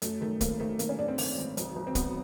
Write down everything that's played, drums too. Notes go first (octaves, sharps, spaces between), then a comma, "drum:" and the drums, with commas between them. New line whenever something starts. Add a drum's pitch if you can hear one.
F#2 A3, drum: hi-hat
D#3 A3
G#1 A#3, drum: kick, hi-hat
D#3 A3
D#3 A#3, drum: hi-hat
C#4
G#1 D4
C4
D#3, drum: open hi-hat
G#1
B1, drum: hi-hat
B1
C4
B1 B3, drum: kick, hi-hat